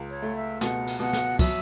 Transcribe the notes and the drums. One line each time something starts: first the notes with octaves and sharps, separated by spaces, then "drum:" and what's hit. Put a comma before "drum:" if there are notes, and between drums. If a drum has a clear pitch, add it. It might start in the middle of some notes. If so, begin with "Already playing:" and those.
Already playing: C#2
C#5
A3
E5
B2 F#5, drum: snare
drum: cymbal
B2 F#5
drum: snare
F#3 E5, drum: kick, cymbal